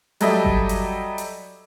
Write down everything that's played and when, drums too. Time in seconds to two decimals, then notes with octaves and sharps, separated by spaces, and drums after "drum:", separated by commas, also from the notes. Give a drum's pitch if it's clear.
0.20 F#3 G3 A4 D#5 E5, drum: hi-hat
0.45 drum: kick G1
0.69 drum: hi-hat
1.18 drum: hi-hat